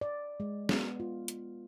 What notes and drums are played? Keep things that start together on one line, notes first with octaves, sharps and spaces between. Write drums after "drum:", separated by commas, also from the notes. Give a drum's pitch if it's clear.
D5
G#3
B3, drum: snare
F4
drum: hi-hat